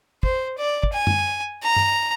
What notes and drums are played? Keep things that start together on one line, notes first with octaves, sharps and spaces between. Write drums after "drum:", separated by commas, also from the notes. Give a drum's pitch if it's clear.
C5, drum: kick
D5
drum: kick
G#5
drum: tom F#2
A#5
drum: tom G2